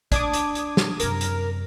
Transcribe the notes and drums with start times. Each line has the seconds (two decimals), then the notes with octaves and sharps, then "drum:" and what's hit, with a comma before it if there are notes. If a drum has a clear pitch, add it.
0.12 D4 D6 D#6 G#6, drum: kick, hi-hat
0.33 drum: hi-hat
0.55 drum: hi-hat
0.77 drum: snare
1.00 F#2 C3 A#4, drum: hi-hat
1.21 drum: hi-hat